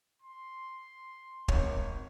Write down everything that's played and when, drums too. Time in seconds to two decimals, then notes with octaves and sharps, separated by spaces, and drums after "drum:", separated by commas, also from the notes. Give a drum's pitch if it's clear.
0.22 C6
1.48 G#1 C#5, drum: kick